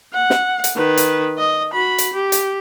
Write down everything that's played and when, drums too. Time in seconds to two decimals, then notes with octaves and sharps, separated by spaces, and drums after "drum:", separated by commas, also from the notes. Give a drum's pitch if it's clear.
0.13 F#5
0.30 drum: snare
0.64 drum: hi-hat
0.75 D#3 B4
0.97 drum: hi-hat
1.38 D#5
1.73 F#4 B5
1.98 drum: hi-hat
2.13 G4
2.32 drum: hi-hat